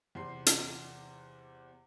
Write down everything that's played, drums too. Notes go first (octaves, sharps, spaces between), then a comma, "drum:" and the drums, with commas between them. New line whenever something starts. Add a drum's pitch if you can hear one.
E2 C3 C6 C7
drum: hi-hat